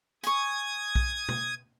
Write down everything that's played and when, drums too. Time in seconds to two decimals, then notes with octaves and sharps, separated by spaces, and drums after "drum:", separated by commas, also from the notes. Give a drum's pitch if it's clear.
0.23 G#5 C#6 D#6 G#6, drum: hi-hat
0.95 drum: kick B1
1.29 drum: tom